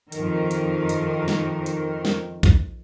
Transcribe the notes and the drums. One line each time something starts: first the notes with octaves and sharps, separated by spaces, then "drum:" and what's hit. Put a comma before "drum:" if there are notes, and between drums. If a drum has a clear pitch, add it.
F2 D#3 A#4, drum: hi-hat
drum: hi-hat
drum: hi-hat
drum: snare
drum: hi-hat
drum: snare
drum: kick A#1, hi-hat